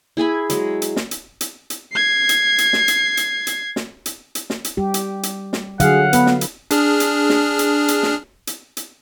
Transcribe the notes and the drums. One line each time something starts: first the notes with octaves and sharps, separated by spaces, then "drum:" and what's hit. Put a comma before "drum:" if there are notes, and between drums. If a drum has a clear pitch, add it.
E4 G#4 G#5 B5
F#3 G#3, drum: hi-hat
drum: hi-hat
drum: snare
drum: hi-hat
drum: hi-hat
drum: hi-hat
G#6 C7
drum: hi-hat
drum: hi-hat
drum: snare
drum: hi-hat
drum: hi-hat
drum: hi-hat
drum: snare
drum: hi-hat
drum: hi-hat
drum: snare
drum: hi-hat
G3 G4
drum: hi-hat
drum: hi-hat
drum: snare
D3 F#3 G#4 F5 F#5, drum: hi-hat
B3 B4, drum: hi-hat
drum: snare
drum: hi-hat
D4 G#4 F6, drum: hi-hat
drum: hi-hat
drum: snare
drum: hi-hat
drum: hi-hat
drum: snare
drum: hi-hat
drum: hi-hat